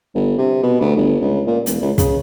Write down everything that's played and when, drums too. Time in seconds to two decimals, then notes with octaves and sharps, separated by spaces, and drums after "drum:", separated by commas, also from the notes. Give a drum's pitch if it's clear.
0.15 G1
0.38 C3
0.63 B2
0.81 D2
0.97 G1
1.21 C#2
1.47 A#2
1.66 E1, drum: hi-hat
1.81 C#2
1.98 C#3, drum: kick, hi-hat